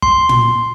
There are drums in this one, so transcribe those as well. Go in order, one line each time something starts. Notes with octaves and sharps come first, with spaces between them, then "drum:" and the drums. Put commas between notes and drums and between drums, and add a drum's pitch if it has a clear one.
C6, drum: kick
drum: tom